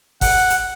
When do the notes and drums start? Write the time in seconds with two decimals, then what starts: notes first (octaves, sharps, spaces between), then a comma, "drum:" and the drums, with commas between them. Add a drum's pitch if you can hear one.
0.21 F#5, drum: kick G1, open hi-hat
0.50 drum: hi-hat